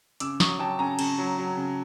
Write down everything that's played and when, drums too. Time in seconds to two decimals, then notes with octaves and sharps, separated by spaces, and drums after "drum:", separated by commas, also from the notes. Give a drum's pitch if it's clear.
0.20 C#3 D6 E6, drum: hi-hat
0.40 F#3 C#6 D#6, drum: snare
0.59 F#3 G5 A5
0.79 C#3 G#5 A#5
0.99 C#3, drum: cymbal
1.18 F#3
1.38 F#3
1.57 C#3